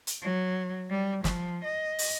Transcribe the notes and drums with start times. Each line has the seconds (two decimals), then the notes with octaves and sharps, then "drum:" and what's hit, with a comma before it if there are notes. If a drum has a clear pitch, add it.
0.07 drum: hi-hat
0.22 F#3
0.90 G3
1.24 F3, drum: snare
1.64 D#5
1.99 drum: open hi-hat